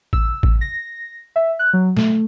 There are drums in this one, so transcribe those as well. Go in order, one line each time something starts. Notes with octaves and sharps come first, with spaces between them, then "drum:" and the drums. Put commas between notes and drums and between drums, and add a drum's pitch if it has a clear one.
E6, drum: kick A1
drum: kick A1
A#6
E5
F#6
F#3
A3, drum: snare